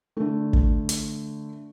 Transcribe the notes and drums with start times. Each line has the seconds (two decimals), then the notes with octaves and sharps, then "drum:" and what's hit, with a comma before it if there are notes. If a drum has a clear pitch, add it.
0.17 D3 A3
0.53 drum: kick
0.89 drum: hi-hat